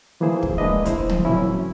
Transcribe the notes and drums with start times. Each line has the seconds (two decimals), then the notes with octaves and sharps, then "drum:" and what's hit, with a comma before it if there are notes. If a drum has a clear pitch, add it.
0.20 D3 E3 F3 A#3 G#4 C5
0.43 drum: kick
0.57 G#3 A#3 D4 B4 D#5 E5
0.86 E4 C5, drum: kick, hi-hat
1.09 drum: tom
1.25 E3 F#3 A#3 C4 C#4 E4